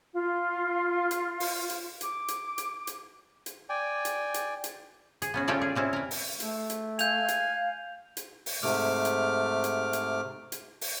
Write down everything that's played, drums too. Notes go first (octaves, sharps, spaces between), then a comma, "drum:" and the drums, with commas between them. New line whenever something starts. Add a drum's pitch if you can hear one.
F4
drum: hi-hat
drum: open hi-hat
drum: hi-hat
D6, drum: hi-hat
drum: hi-hat
drum: hi-hat
drum: hi-hat
drum: hi-hat
D5 G5 G#5
drum: hi-hat
drum: hi-hat
drum: hi-hat
G#4, drum: hi-hat
B3 C#4 F#4
C#4 F4 G4 A4 C#5 D5
G#4
G3 C4 C#4 E4
A#4 B4
drum: open hi-hat
A3, drum: hi-hat
drum: hi-hat
F5 G#5 G6 F7, drum: hi-hat
drum: hi-hat
drum: hi-hat
drum: open hi-hat
G#2 C3 A3 D6 F6
drum: hi-hat
drum: hi-hat
drum: hi-hat
drum: hi-hat
drum: open hi-hat